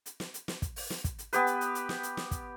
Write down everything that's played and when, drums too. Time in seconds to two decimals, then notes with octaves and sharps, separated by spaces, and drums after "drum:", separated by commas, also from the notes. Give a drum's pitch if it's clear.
0.06 drum: hi-hat
0.20 drum: snare
0.34 drum: hi-hat
0.48 drum: snare
0.62 drum: kick, hi-hat
0.76 drum: open hi-hat
0.90 drum: snare
1.04 drum: kick, hi-hat
1.19 drum: hi-hat
1.33 B3 G4 B4, drum: hi-hat
1.47 drum: hi-hat
1.61 drum: hi-hat
1.75 drum: hi-hat
1.89 drum: snare
2.03 drum: hi-hat
2.17 drum: snare
2.31 drum: kick, hi-hat